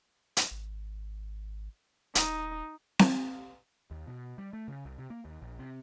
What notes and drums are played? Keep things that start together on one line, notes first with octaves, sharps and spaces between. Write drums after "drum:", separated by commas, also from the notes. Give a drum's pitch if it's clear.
drum: hi-hat
G#1
D#1 D#4, drum: hi-hat
drum: snare C4
D#2
B2
G3
A3
C#3
C2
C3
A#3
D#2
A#1
C3